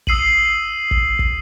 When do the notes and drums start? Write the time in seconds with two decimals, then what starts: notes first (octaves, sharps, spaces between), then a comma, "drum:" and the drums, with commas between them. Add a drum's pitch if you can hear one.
0.07 D#6 E6 C7 D#7 F#7, drum: kick
0.91 drum: kick
1.19 drum: kick